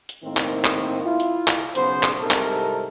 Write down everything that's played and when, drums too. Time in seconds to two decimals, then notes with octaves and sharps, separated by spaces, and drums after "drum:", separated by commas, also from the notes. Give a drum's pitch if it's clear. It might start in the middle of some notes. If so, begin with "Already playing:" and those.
0.09 drum: hi-hat
0.23 A2 D#3 A#3 C4
0.37 drum: clap
0.64 drum: clap
1.04 E4 F4
1.20 drum: hi-hat
1.47 drum: clap
1.75 B1 C#3 B3 C5, drum: hi-hat
2.03 drum: clap
2.21 C2 G#2 C3 A4 A#4
2.31 drum: clap